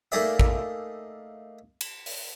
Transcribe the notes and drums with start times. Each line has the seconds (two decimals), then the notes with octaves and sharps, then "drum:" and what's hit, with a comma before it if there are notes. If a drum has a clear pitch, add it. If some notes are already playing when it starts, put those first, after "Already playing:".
0.12 A3 A#3 D#4 G#4 D5 E5
0.39 drum: kick
1.81 drum: cymbal
2.06 drum: open hi-hat